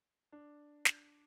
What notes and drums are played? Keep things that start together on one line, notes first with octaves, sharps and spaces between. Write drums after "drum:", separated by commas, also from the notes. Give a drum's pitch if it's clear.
D4
drum: snare